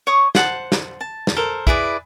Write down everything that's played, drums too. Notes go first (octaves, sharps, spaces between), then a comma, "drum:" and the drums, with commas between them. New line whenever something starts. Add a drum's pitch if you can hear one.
C#5 C#6 D#6
C5 F#5 A5, drum: snare
drum: snare
A5
drum: snare
A4 A#4 C5
E4 G#4 B4 D5, drum: kick